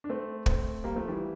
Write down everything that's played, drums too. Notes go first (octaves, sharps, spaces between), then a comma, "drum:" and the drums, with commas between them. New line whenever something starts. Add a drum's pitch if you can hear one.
D4
A3 C4
A3 C4, drum: kick
G3 A#3
F3 A3
E3 G3